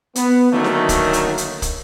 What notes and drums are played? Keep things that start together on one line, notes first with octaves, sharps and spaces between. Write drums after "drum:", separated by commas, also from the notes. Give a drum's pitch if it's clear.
B3, drum: hi-hat
D3 D#3 F#3 A3 A#3 C#4
drum: snare D#4
drum: kick, hi-hat
drum: hi-hat
drum: hi-hat
drum: kick, hi-hat